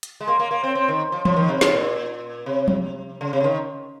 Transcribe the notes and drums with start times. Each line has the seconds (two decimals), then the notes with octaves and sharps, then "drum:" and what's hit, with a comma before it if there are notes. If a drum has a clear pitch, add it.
0.03 drum: hi-hat
0.20 G#3
0.27 A#3
0.39 A#3
0.51 A#3
0.63 C4
0.75 C4
0.88 D#3
1.12 F3
1.25 F3, drum: tom E3
1.36 D#3
1.49 C3
1.61 G#2, drum: snare
1.74 A#2
2.46 C3
2.68 drum: tom F3
3.21 C#3
3.33 C3
3.40 C#3
3.44 D#3